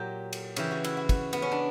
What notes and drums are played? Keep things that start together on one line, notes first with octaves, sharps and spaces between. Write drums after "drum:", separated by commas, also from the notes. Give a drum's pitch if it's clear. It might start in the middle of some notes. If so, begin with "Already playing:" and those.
Already playing: A#2 F#3 G4 A#4
drum: cymbal
C#3 E3 G4, drum: cymbal
F#4
E4, drum: cymbal
F#4
drum: kick, cymbal
B3, drum: cymbal
C#4
D4